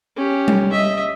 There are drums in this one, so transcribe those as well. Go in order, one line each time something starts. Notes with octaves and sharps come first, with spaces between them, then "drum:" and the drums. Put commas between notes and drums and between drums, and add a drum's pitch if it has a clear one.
C#4 G4
drum: tom G3
D#5 E5